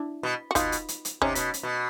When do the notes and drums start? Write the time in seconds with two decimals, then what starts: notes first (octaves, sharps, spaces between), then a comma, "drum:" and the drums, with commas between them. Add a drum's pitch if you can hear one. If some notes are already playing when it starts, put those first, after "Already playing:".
Already playing: D4 E4
0.23 B2
0.51 F#4
0.55 B2 D#4 F4, drum: kick, hi-hat
0.72 drum: hi-hat
0.88 drum: hi-hat
1.05 drum: hi-hat
1.22 C3 C#4 D#4, drum: kick
1.35 B2, drum: hi-hat
1.54 drum: hi-hat
1.63 B2